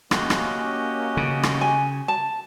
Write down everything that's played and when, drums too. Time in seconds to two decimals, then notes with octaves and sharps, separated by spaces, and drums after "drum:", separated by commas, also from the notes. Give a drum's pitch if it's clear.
0.11 A#3 C#4 F#4 G4 D#5, drum: rim click
0.30 drum: rim click
1.17 C#3
1.43 drum: rim click
1.61 G#5
2.08 A5